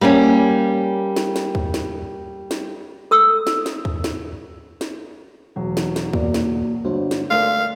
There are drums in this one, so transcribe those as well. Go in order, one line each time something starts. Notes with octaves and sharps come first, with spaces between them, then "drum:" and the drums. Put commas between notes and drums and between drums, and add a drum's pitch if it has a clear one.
G3 A#3 C4 C#4
drum: snare
drum: snare
drum: kick
drum: snare
drum: snare
A4 D#6 E6
drum: snare
drum: snare
drum: kick
drum: snare
drum: snare
E1 F#3
drum: snare
drum: snare
A#3 F#4 D5, drum: kick
drum: snare
G1 D4 F#4 C5
drum: snare
A3 A#4 D5 F5 C6